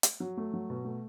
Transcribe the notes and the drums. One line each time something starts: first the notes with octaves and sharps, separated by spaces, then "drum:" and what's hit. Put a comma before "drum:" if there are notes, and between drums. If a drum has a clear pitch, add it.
drum: hi-hat
F#3
A3
F#3
B2
A3